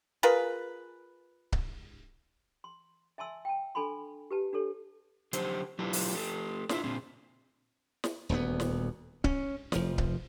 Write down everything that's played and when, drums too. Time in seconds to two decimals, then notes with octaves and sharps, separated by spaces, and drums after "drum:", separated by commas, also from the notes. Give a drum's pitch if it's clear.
0.23 F4 G#4 A#4 B4
1.52 drum: kick C#1
2.64 C6
3.18 E5 G#5 A5 C6 E6
3.45 G5 A5
3.75 D4 A4 G#5 B5 C6
4.31 G4 B4 A5
4.53 D4 G4 A4 C#5
5.33 D3 F#3 F#4 G4 C5, drum: hi-hat
5.79 F#3 D4 E4 F4 G4 B4
5.93 drum: open hi-hat
6.14 A3 G4 A4
6.69 D4 F4 E5, drum: snare
6.84 A#2 C4 D4
8.04 drum: snare
8.29 D#1 D2 A3 B3
8.60 drum: snare
9.24 C#4, drum: kick C#1
9.72 F1 F3, drum: snare
9.98 drum: kick C#1